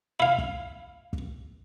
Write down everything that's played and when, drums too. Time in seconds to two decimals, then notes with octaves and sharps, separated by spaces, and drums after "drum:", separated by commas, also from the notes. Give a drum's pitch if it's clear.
0.20 E4 F5
0.38 drum: kick
1.13 drum: kick